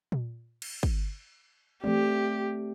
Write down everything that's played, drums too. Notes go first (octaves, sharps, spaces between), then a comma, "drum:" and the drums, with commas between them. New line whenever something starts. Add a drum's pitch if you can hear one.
drum: tom A#2
drum: cymbal
drum: kick
A3 C4 G4 D5, drum: tom E3